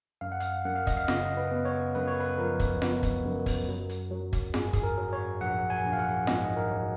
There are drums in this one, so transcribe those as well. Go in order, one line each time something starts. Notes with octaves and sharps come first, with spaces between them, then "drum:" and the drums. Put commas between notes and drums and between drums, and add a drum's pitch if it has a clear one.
F#2 F5
F#5
F5, drum: hi-hat
F#2 F#5
F5
D#5, drum: kick, hi-hat
F5
C#3 D#5, drum: snare F4
B4
B3
C#5
F#2 B4
C#5
B4
F3 A#4
drum: kick, hi-hat
B3, drum: snare F4
drum: kick, hi-hat
F#2
drum: kick, open hi-hat
F#3
drum: hi-hat
F#3
drum: kick, hi-hat
G#2 G#4, drum: snare F4
G#4, drum: kick, hi-hat
A#4
F#3
C#5
A#1 F#5
G#5
A#1
F5
F#5
G#2 D#5, drum: snare F4
A#4
F#3